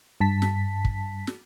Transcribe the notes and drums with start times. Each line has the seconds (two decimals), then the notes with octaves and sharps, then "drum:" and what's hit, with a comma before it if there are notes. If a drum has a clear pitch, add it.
0.20 G2 A5 B6
0.42 drum: snare
0.85 drum: kick
1.27 drum: snare